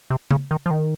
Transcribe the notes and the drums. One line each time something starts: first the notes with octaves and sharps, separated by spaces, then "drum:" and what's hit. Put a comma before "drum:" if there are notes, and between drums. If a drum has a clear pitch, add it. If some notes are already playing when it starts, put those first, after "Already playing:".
C3
C#3, drum: tom C#3
D#3
F3
D#3